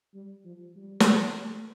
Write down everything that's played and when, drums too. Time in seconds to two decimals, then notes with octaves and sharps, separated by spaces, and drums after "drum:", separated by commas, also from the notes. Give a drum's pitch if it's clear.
0.14 G3
0.45 F3
0.76 G3
1.00 drum: snare
1.38 A3